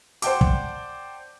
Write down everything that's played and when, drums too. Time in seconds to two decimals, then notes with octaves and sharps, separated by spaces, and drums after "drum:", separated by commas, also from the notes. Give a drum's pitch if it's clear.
0.22 C5 D5 F#5 G5 A5 D6, drum: hi-hat
0.41 drum: kick